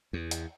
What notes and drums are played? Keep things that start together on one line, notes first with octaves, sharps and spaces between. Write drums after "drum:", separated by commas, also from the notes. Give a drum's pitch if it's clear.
E2
drum: hi-hat